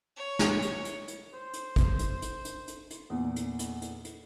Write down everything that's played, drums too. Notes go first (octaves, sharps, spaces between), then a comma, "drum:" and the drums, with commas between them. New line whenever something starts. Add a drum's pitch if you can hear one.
C#5
drum: snare
drum: hi-hat
drum: hi-hat
drum: hi-hat
C5
drum: hi-hat
drum: kick, hi-hat
drum: hi-hat
drum: hi-hat
drum: hi-hat
drum: hi-hat
drum: hi-hat
E2 A#2
drum: hi-hat
drum: hi-hat
drum: hi-hat
drum: hi-hat